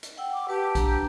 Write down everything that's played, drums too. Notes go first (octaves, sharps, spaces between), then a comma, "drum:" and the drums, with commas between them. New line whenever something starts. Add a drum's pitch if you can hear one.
drum: hi-hat
F#5 G5 E6
D6
G4 B4 A5
D4 A#5, drum: kick, hi-hat